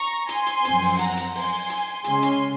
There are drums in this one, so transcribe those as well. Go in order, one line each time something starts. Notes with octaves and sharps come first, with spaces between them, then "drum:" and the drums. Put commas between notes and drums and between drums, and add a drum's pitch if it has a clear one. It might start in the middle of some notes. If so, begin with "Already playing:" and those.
Already playing: A#5 C#6
G#5 C6, drum: hi-hat
drum: hi-hat
F#2 F3 C4, drum: hi-hat
drum: open hi-hat
F#5 A#5, drum: hi-hat
drum: hi-hat
G#5 C6, drum: open hi-hat
drum: hi-hat
C#3 G#3 C#4 G#5 C6, drum: hi-hat
drum: hi-hat